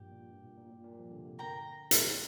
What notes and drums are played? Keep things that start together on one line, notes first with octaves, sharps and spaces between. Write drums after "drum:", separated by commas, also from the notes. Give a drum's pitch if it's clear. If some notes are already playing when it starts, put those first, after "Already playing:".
Already playing: G2 A#2 F3 G4
A#2
G2
A#2
A#2
A#2
A#2
G3
F3
D3
C3
D3
A#4 G5 A#5
drum: hi-hat